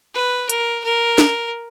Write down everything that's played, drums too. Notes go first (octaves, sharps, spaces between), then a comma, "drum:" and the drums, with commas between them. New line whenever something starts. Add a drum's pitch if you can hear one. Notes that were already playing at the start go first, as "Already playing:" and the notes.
B4
A#4, drum: hi-hat
A#4
drum: snare